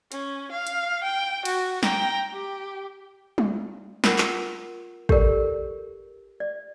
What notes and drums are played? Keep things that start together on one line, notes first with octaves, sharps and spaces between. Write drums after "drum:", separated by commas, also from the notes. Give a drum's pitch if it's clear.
C#4, drum: hi-hat
F5
drum: hi-hat
G5
F#4, drum: cymbal
G5 A#5, drum: snare
G4
drum: tom G3
F4 A#4 F#5, drum: snare
drum: clap
G4 A4 A#4 D5, drum: kick
D5